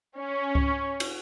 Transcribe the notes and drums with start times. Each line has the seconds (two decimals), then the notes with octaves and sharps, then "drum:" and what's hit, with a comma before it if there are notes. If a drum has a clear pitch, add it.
0.17 C#4
0.55 drum: kick C#2
1.00 drum: cymbal